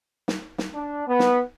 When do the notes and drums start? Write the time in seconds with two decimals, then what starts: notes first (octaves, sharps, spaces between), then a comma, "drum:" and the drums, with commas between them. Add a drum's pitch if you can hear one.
0.28 drum: snare
0.58 drum: snare
0.74 D4
1.07 B3
1.19 drum: snare